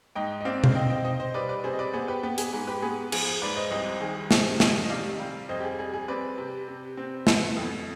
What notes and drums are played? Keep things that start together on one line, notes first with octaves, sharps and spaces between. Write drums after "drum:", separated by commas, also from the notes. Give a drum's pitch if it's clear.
G#2 D#5 G5
D#5
C4 D5 F5
F5, drum: tom B2
C4 D#5 G5
D#5 G5
D#4 C5 D#5
C5 D#5
G3 B4 D5
B4 D5
C3 G#4 C5
D#5
B4 D5
B3 G#4 C5
G4 B4
B3 G4
G#4, drum: hi-hat
G#2 G#4
G4 B4
B3 G#4
F3 G#4, drum: cymbal
G#4
G#2 B4 D5
C5 D#5
C2 C5 D#5
D#3 G#4
C3 G#4 C5, drum: snare
D#3, drum: snare
D#5
C3 D5 F5
G3
F2 C5 D#5
G4
G#4
G3 G#4
G#4
C4 B4 D5
C3
C3
C4
B3, drum: snare
F2